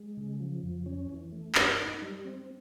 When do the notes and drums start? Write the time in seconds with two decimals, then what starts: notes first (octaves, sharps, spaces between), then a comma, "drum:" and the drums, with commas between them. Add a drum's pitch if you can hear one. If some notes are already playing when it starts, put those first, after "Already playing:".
Already playing: G#3
0.17 C#3
0.40 F3
0.63 F2
0.86 C#4
1.09 E3
1.32 A3
1.55 G2, drum: clap
1.78 D#4
2.02 G3
2.25 C4